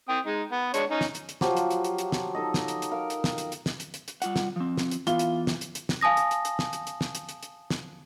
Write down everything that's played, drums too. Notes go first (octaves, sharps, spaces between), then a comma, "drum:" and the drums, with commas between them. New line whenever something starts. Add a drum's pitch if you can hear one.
C4 G5 D#6
G#3 D#4
B3
G#3 D4 C#5, drum: hi-hat
C#4 D#4
drum: snare
drum: hi-hat
drum: hi-hat
F3 F#3 F4 G4, drum: snare
drum: hi-hat
drum: hi-hat
drum: hi-hat
drum: hi-hat
drum: snare
D#4 A4 D#5
drum: snare
drum: hi-hat
drum: hi-hat
A#4 F5
drum: hi-hat
drum: snare
drum: hi-hat
drum: hi-hat
drum: snare
drum: hi-hat
drum: hi-hat
drum: hi-hat
G3 F4 F#5, drum: hi-hat
drum: snare
F3 C4
drum: snare
drum: hi-hat
E3 B3 F4 G7, drum: hi-hat
drum: hi-hat
drum: snare
drum: hi-hat
drum: hi-hat
drum: snare
F5 G#5 A5 D#6 A#6
drum: hi-hat
drum: hi-hat
drum: hi-hat
drum: snare
drum: hi-hat
drum: hi-hat
drum: snare
drum: hi-hat
drum: hi-hat
drum: hi-hat
drum: snare